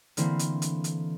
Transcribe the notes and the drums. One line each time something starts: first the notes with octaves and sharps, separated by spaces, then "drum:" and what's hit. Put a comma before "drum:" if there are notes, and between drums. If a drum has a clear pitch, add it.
D3 E3 A#3 C4 E4, drum: hi-hat
drum: hi-hat
drum: hi-hat
drum: hi-hat